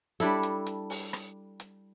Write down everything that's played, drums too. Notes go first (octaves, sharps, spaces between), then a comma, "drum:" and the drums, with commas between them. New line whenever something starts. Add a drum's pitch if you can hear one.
G3 D4 E4 A4, drum: hi-hat
drum: hi-hat
drum: hi-hat
drum: open hi-hat
drum: rim click
drum: hi-hat